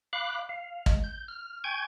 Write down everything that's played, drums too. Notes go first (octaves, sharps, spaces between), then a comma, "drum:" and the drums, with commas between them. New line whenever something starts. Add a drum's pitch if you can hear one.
F5 B5 D6 F#6
F5
G#3, drum: kick
G6
F6
G5 G#5 C#6 G6 G#6